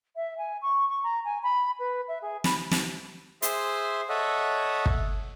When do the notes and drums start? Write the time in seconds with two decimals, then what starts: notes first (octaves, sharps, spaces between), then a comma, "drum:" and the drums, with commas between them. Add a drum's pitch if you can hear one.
0.16 E5
0.38 G#5
0.62 C#6
0.88 C#6
1.03 A#5
1.24 G#5
1.43 B5
1.79 B4
2.08 E5
2.22 G#4
2.44 B5, drum: snare
2.71 drum: snare
3.42 G#4 C5 E5 C6, drum: hi-hat
4.09 A4 C#5 D#5 E5 F#5
4.86 drum: kick